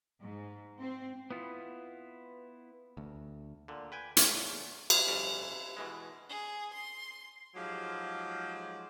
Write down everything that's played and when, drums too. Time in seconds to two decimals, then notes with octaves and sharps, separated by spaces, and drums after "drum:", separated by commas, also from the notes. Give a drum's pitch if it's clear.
0.20 G#2
0.81 C4
1.30 B3 E4 F4
2.97 D2
3.68 A#2 D3
3.92 B4 G5 G#5
4.17 E2 A2 F4, drum: hi-hat
4.90 A#2 D#3 G#4, drum: cymbal
5.07 G1 F2 C#4 D5
5.77 B2 E3 G#3
6.29 G#4
6.73 C6
7.55 G#2 F3 F#3 G#3 G4 F5